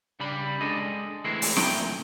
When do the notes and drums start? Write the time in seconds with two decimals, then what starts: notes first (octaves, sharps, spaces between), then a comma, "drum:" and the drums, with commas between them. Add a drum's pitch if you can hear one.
0.20 C#3 G3 D4 B5
0.61 G#3 D4 A4 D#5
1.25 E3 G#3 A3 C4 E4
1.42 drum: open hi-hat
1.57 D2 A#2 A3 G5, drum: snare